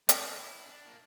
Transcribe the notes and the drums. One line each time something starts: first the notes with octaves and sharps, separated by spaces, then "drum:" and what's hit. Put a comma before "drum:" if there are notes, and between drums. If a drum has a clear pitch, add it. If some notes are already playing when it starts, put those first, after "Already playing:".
C4, drum: hi-hat
E4
D4
A#3